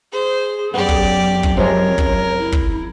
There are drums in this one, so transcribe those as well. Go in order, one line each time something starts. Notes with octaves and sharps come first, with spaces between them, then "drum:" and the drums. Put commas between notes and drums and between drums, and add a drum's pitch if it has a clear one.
G#4 C5
F#2 B3 G4 D5
drum: kick
drum: kick
C3 F3 G#3 A#4 C#5
drum: kick
E4
drum: kick